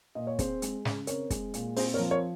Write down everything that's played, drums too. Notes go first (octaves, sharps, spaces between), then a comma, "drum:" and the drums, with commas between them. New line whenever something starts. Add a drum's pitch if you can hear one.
A#2 D#5
C#5
C4 G#4 C5, drum: kick, hi-hat
G#3, drum: hi-hat
C#3, drum: snare
C4 A#4 C#5, drum: hi-hat
G#3, drum: kick, hi-hat
A#2, drum: hi-hat
C4 G#4 C5, drum: open hi-hat
A#4 C#5
F3
A#4 C#5